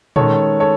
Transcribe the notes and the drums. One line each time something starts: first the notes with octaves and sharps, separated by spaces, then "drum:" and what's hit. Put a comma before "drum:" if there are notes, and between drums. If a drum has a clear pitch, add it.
D#3 G#3 C#4 A4 C#5, drum: tom A#2
A4 C#5